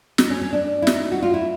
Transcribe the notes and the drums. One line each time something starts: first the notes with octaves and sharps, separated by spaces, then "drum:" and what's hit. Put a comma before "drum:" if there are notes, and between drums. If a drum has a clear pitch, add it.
D#4, drum: snare
C#4
C#4
D4
E4
D#4, drum: snare
F#4
F4
E4